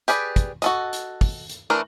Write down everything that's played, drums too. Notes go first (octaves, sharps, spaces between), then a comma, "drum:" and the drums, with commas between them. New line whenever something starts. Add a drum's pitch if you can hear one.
G4 G#4 B4 D5, drum: hi-hat
drum: kick, hi-hat
F#4 A4 D#5, drum: hi-hat
drum: hi-hat
drum: kick, open hi-hat
drum: hi-hat
E3 A3 D4 A#4 A#5